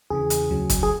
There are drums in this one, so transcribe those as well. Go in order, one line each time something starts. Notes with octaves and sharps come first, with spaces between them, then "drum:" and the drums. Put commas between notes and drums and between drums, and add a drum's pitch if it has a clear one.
E2 C#3 E3 G#4
drum: hi-hat
D2 C#3 F#3
drum: kick, hi-hat
G#4